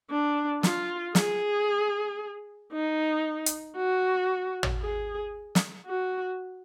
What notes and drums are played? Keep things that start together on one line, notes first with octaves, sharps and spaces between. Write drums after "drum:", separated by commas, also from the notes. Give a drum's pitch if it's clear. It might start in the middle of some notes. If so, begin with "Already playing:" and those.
D4
F4, drum: snare
G#4, drum: snare
D#4
drum: hi-hat
F#4
drum: tom
G#4
drum: snare
F#4